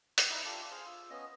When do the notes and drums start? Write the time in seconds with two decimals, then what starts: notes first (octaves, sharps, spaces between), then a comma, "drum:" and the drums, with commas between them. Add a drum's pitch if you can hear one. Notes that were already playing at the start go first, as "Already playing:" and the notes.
0.18 D6, drum: hi-hat
0.30 D#4 E4
0.45 D4 F4 G4 A4
0.71 G#4 C5 F5
0.87 F4 E6
1.10 B3 C#4 D#5